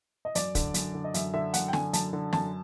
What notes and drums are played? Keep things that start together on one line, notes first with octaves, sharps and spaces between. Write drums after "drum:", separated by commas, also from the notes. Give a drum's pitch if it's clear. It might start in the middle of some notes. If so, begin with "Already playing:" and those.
D#5
F#2 D5, drum: hi-hat
D3, drum: kick, hi-hat
F#2, drum: hi-hat
D3
D#5
F#2 E5, drum: hi-hat
D3 E5
F#2 F#5, drum: hi-hat
G5
D3 G#5, drum: snare
F#2 A5, drum: hi-hat
D3
F#2 A5, drum: snare